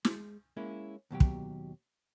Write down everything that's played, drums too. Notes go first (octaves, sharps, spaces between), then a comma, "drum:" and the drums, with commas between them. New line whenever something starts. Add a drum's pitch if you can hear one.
G#3, drum: snare
G#3 A#3 C#4 E4
D#2 B2 F#3 G4
drum: kick